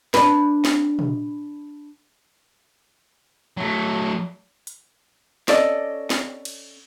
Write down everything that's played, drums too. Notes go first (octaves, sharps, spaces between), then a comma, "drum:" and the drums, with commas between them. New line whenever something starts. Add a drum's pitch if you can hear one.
D4 B4, drum: snare
drum: snare
drum: tom
F#3 A3
drum: hi-hat
C#4 A4 D5 D#5, drum: snare
drum: snare
drum: cymbal